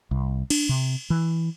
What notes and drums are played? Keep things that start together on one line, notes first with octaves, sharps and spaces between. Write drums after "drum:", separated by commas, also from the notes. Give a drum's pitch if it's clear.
C2
D4, drum: cymbal
C3
E3